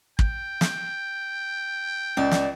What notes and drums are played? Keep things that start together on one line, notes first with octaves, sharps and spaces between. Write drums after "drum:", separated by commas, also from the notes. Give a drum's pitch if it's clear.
G5, drum: kick
drum: snare
C#2 D5
drum: snare